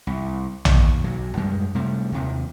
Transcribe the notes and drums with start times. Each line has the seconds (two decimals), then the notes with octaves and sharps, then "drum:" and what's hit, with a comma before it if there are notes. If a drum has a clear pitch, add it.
0.07 C2
0.65 D#2, drum: tom A#1
1.04 B1 F#3
1.37 F#2 G3 G#3
1.75 C3 G3 A3
2.12 D#2 C3 D#3